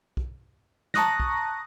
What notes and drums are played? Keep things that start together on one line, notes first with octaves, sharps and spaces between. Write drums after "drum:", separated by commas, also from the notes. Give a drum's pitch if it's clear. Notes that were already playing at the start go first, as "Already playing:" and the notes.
drum: kick
A5 A#5 C#6 D#6 F#6 A#6, drum: snare
drum: kick